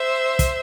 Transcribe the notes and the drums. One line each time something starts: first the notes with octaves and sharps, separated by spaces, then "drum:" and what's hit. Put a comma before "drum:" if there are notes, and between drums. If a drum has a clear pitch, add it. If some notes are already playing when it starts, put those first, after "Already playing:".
Already playing: C5 E5
drum: kick, hi-hat